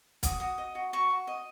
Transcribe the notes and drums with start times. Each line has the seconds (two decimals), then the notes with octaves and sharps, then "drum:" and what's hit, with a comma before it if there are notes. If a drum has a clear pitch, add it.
0.23 F#4 D#6, drum: kick, hi-hat
0.40 F#4 D#6
0.58 D#5
0.75 F#4
0.93 F#4 C#6
1.10 F#4
1.27 D#5